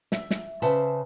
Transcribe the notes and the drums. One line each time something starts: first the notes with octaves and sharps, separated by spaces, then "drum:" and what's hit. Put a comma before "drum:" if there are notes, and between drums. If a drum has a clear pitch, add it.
E5, drum: snare
drum: snare
C#3 B4 C5 E5 A5